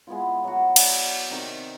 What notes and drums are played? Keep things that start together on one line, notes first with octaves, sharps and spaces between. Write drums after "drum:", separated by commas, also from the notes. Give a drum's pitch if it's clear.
G#3 B3 E4 F4
F#3 F#4
D5, drum: cymbal
C3 D#3 G5 D6